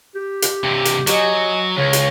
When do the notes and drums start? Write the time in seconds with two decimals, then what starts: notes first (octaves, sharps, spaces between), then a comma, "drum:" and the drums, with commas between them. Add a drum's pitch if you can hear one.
0.15 G4
0.42 drum: hi-hat
0.63 G2 C3
0.85 drum: hi-hat
1.07 F#3 D#5 G#5, drum: hi-hat
1.77 C#2 C#5
1.93 drum: hi-hat